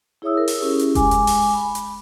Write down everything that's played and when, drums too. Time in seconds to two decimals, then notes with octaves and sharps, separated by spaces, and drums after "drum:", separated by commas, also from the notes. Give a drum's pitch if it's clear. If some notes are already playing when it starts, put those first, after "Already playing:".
0.22 E4 G#4 C#5 E5 D#6 E6
0.37 A#4
0.48 drum: open hi-hat
0.58 C#4 E4 G4 G#4
0.79 drum: hi-hat
0.95 G#3 G#5 D6, drum: kick F1, hi-hat
1.11 drum: hi-hat
1.27 drum: open hi-hat
1.54 B5
1.75 drum: hi-hat